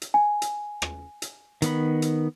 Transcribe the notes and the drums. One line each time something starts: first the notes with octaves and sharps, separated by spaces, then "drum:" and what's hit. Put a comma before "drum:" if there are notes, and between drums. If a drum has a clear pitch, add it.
drum: hi-hat
G#5
drum: hi-hat
drum: rim click
drum: hi-hat
D#3 B3 B5, drum: hi-hat
drum: hi-hat